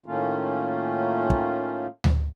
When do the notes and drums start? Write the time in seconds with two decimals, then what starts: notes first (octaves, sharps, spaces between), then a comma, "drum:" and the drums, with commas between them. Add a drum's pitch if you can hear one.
0.06 A2 D#3 A3 A#3 C#4 F4
1.30 drum: kick
2.04 drum: tom D2